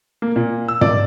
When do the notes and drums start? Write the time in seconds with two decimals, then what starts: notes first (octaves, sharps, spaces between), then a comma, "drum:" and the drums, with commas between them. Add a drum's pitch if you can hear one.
0.22 A#3
0.36 A#2
0.68 E6
0.81 D5, drum: tom